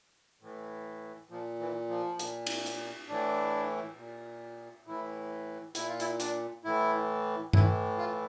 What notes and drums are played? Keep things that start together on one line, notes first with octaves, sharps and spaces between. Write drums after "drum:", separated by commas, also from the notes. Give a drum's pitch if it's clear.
A2 E3
A#2 F3
E3
F3
A#2, drum: hi-hat
drum: cymbal
drum: hi-hat
A2 E3 D4
A#2
A2 E3 E4
A#2 E4, drum: hi-hat
F4
E4, drum: hi-hat
D4, drum: hi-hat
A2 E3 E4
A2 E3 E4, drum: tom G2
F4